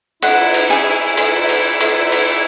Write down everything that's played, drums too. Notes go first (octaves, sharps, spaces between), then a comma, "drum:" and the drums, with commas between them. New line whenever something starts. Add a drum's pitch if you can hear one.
E4 F#5, drum: cymbal
drum: cymbal
G#4
drum: cymbal
drum: cymbal
drum: cymbal
drum: cymbal